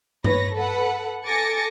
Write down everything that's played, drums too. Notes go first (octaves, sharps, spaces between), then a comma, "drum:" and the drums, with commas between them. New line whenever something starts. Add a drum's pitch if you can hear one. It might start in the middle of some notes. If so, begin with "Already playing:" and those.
B4 C#5 A#6, drum: tom G2
A4 B4 F#5
A4 G#5 D6 A6 A#6 C#7